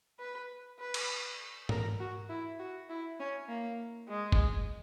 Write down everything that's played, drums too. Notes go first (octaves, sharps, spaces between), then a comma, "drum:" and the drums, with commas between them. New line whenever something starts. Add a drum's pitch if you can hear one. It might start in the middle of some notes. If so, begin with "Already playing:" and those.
B4
B4
drum: cymbal
A#4, drum: tom G#2
F#4
E4
F#4
E4
C#4
A#3
G#3
drum: kick F1